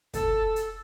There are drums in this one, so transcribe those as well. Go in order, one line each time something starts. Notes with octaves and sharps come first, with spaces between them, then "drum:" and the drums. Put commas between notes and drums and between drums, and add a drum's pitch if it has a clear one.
A4, drum: kick, hi-hat
drum: hi-hat